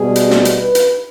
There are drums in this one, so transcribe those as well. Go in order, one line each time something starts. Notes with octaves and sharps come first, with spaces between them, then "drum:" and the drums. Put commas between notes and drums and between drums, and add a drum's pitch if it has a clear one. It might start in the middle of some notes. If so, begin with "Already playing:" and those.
Already playing: B2 G3 G#4
drum: hi-hat
drum: snare
drum: hi-hat
B4
drum: hi-hat